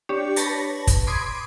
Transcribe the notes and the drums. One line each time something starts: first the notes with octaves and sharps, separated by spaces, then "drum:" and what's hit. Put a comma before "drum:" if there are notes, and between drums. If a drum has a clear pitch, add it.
D4 G4 C#5
B4 C#5 A5 A#6, drum: hi-hat
drum: kick, hi-hat
B5 C6 D6 D#6 G#6